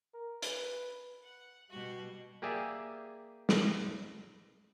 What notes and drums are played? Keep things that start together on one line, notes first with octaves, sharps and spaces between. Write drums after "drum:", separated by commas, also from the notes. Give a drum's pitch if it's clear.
A#4
B4, drum: hi-hat
F#5
B2 G3 F#4 G4
A#3 G4 G#4 D5 E5
drum: snare